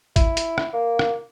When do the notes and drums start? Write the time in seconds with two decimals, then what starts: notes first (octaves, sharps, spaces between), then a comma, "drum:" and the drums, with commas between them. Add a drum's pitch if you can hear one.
0.16 E4, drum: kick G#1, hi-hat
0.37 drum: hi-hat
0.58 drum: rim click
0.73 A#3
0.99 drum: rim click